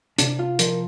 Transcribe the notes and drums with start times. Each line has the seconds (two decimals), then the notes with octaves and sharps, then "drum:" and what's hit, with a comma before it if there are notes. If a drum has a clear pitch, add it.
0.19 C3 D4, drum: hi-hat
0.39 F4
0.59 F3 A#4, drum: hi-hat